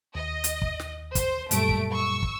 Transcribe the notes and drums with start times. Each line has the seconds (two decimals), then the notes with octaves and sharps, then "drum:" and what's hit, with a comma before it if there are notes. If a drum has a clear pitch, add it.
0.15 D#2 D#5
0.44 drum: hi-hat
0.62 drum: kick
0.79 drum: snare
1.15 C5, drum: kick, hi-hat
1.51 F#2 A#2 G3 A3 D7, drum: hi-hat
1.69 drum: kick
1.92 C#6 E6
2.23 drum: kick